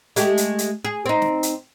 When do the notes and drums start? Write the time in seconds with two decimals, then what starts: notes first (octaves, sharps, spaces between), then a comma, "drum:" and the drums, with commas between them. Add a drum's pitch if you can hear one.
0.16 G#3 A3 G4, drum: hi-hat
0.37 drum: hi-hat
0.59 drum: hi-hat
0.85 G#4
1.06 C4 D#4
1.22 drum: snare
1.43 drum: hi-hat